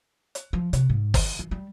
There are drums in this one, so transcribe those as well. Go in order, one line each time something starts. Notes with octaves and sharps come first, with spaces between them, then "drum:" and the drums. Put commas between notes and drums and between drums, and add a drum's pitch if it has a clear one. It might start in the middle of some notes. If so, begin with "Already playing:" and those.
drum: hi-hat
F3
C3, drum: hi-hat
G#2
D#3, drum: kick, open hi-hat
E3
G3